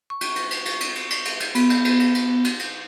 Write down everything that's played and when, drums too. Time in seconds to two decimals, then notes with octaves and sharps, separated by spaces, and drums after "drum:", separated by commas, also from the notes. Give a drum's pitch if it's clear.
0.10 C#6
0.21 drum: cymbal
0.36 drum: cymbal
0.51 drum: cymbal
0.66 drum: cymbal
0.80 drum: cymbal
0.95 drum: cymbal
1.10 drum: cymbal
1.25 drum: cymbal
1.40 drum: cymbal
1.55 B3, drum: cymbal
1.70 drum: cymbal
1.85 drum: cymbal
2.00 drum: cymbal
2.15 drum: cymbal
2.44 drum: cymbal
2.59 drum: cymbal